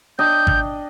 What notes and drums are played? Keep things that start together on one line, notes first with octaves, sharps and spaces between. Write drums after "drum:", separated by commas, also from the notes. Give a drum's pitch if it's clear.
D4 D#5 G5 G6
drum: kick G#1